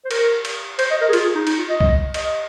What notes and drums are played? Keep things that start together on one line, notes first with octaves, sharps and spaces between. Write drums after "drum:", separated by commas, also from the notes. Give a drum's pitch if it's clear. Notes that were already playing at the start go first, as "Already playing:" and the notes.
C5
A#4, drum: cymbal
drum: cymbal
C5, drum: cymbal
D#5
A#4
G#4
F4, drum: cymbal
G#4
D#4
D#4, drum: cymbal
F4
D#5
drum: kick C2
D#5, drum: cymbal